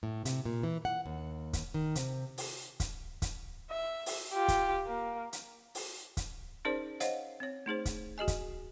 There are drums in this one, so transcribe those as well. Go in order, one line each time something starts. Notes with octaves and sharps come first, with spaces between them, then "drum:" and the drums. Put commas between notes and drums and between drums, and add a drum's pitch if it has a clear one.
A2
C3, drum: hi-hat
A#2
E3
F#5
D#2
drum: kick, hi-hat
D#3
C3, drum: hi-hat
drum: open hi-hat
drum: kick, hi-hat
drum: kick, hi-hat
E5
drum: open hi-hat
F4 G4
drum: kick, hi-hat
A#3
drum: hi-hat
drum: open hi-hat
drum: kick, hi-hat
C#4 D#4 G#4 A#4 C5 D5
C5 C#5 D#5 F5 F#5, drum: hi-hat
C4 C#5
A3 D#4 G#4 C5
drum: kick, hi-hat
F#4 G#4 D#5 G#5
drum: kick, hi-hat